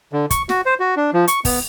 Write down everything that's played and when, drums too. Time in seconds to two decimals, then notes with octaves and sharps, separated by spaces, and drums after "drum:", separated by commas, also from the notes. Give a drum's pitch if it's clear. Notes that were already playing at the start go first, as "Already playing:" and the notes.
0.13 D3
0.30 C#6, drum: kick, hi-hat
0.49 F#4, drum: snare
0.66 C5
0.80 F#4
0.97 D4
1.13 F3
1.28 C#6, drum: hi-hat
1.45 B3, drum: kick, open hi-hat